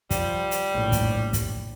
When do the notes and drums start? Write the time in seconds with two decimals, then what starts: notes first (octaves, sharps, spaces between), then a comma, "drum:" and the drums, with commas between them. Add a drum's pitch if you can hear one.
0.11 F3 G3, drum: kick, hi-hat
0.51 drum: hi-hat
0.72 A#1 A2
0.92 drum: kick, hi-hat
1.33 drum: kick, hi-hat